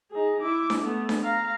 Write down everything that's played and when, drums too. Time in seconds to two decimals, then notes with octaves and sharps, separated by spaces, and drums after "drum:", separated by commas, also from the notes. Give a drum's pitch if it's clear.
0.11 D#4 G#4
0.41 E4 D6
0.70 drum: snare D4
0.81 A3 B3
1.09 drum: snare D4
1.24 F5 A#5